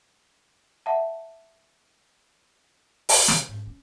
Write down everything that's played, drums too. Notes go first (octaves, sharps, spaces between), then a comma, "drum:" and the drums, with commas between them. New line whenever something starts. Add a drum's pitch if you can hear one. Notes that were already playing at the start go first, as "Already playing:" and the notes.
E5 F#5 A5
A#3, drum: open hi-hat
C3, drum: snare
G#2
C#4